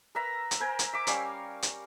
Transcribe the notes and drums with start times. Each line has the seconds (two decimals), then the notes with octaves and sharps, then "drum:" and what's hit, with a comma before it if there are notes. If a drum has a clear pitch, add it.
0.15 A#4 B4 E5 A#5
0.51 drum: hi-hat
0.60 A#4 C5 G#5
0.79 drum: hi-hat
0.93 E5 D6
1.07 G3 C#4 F5 E6, drum: hi-hat
1.62 drum: hi-hat